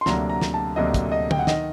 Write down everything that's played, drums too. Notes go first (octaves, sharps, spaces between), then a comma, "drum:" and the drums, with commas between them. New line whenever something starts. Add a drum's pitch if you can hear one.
C6
D2 C3 F#3 A#3 D4 A#5, drum: snare
A#5
drum: snare
A5
D2 C3 F#3 A#3 D4 D#5
drum: kick, hi-hat
D#5
G5, drum: tom
F#5
D#3 D#5, drum: snare